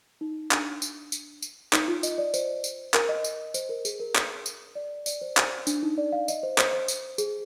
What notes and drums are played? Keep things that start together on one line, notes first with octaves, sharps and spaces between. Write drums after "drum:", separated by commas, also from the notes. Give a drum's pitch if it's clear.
D#4
D4, drum: clap
drum: tambourine
drum: tambourine
drum: tambourine
D#4, drum: clap
F4
D#5, drum: tambourine
D5
C5, drum: tambourine
drum: tambourine
A#4, drum: clap
D#5
drum: tambourine
C5, drum: tambourine
A#4
G#4, drum: tambourine
A#4
drum: clap
drum: tambourine
D5
D5, drum: tambourine
C5
C5, drum: clap
D4, drum: tambourine
D#4
D5
F5
D#5, drum: tambourine
C5
C5, drum: clap
C5
drum: tambourine
G#4, drum: tambourine